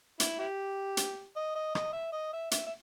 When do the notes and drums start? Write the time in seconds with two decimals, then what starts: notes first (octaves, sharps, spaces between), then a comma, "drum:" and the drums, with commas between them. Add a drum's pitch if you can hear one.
0.20 E4, drum: hi-hat
0.39 E4 G4
0.97 drum: hi-hat
1.36 D#5
1.56 D#5
1.75 D#5, drum: rim click
1.93 E5
2.13 D#5
2.33 E5
2.51 E5, drum: hi-hat
2.67 E5